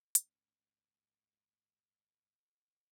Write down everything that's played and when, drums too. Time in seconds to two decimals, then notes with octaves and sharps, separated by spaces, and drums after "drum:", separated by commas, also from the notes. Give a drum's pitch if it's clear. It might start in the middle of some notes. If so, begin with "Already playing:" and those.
0.15 G#2 C#4, drum: hi-hat